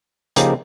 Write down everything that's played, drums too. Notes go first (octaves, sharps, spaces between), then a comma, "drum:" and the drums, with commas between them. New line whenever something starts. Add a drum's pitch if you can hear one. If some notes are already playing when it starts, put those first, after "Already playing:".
C#3 F3 A#3 D#4 G4, drum: hi-hat